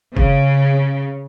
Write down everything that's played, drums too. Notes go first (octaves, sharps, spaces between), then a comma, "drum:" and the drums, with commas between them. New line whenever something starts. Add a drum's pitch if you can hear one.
C#3, drum: kick F#1